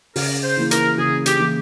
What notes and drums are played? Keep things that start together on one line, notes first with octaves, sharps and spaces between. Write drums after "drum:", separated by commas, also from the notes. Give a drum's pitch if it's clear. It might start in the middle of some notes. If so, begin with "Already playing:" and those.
C#3 A#4, drum: open hi-hat
C5
E3 A#3 E4
A#4, drum: hi-hat
C#3 G#4
G4, drum: hi-hat
E3 A#3 E4